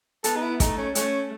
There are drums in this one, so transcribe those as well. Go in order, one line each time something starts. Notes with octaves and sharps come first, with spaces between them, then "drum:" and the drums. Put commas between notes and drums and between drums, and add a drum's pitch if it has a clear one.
B3 A4, drum: hi-hat
D#4
E4
A3 D#4, drum: kick, hi-hat
C#4
A3 C#4, drum: hi-hat